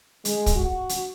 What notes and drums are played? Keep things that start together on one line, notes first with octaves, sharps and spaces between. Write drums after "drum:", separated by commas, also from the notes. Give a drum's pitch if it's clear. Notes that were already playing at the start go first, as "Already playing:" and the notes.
G#3, drum: hi-hat
drum: kick, hi-hat
F#4
drum: hi-hat